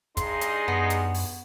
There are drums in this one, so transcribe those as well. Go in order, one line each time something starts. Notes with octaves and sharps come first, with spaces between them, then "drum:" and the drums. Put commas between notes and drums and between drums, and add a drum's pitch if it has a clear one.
G2 D#4 G#4 C6, drum: kick, hi-hat
drum: hi-hat
F#2 B3
drum: hi-hat
drum: open hi-hat